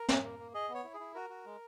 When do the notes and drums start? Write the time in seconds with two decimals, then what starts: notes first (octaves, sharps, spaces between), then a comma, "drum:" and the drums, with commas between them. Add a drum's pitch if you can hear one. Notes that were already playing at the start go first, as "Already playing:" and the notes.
Already playing: A#4
0.09 A#3, drum: snare
0.23 A#3
0.39 A#3
0.54 G#4 D#5
0.69 B3
0.74 C#5
0.84 E4
0.94 G#4
1.00 E4
1.14 F#4 A#4
1.30 F#4
1.46 G#3